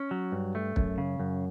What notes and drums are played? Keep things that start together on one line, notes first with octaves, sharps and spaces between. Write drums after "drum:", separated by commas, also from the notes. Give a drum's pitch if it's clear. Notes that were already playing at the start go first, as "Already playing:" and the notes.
Already playing: C#4
F#3
G2
A3
F#2, drum: kick
C#3
F#2